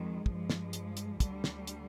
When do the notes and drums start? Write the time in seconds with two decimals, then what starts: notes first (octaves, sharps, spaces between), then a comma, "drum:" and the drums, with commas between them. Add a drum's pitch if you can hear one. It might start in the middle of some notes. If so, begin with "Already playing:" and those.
Already playing: F2 D#3 G#3
0.26 G2 F3 G#3, drum: kick
0.50 drum: snare
0.73 drum: hi-hat
0.97 drum: hi-hat
1.20 D2 D3 G3, drum: kick, hi-hat
1.44 drum: snare
1.67 drum: hi-hat